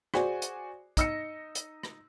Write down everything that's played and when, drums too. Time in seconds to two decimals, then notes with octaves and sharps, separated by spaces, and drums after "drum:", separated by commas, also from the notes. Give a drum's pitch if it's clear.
0.14 F#4 G#4 C5 D5 G#5, drum: rim click
0.42 drum: hi-hat
0.97 D#4 D#5 E6 A#6 C#7, drum: kick, hi-hat
1.55 drum: hi-hat
1.83 drum: rim click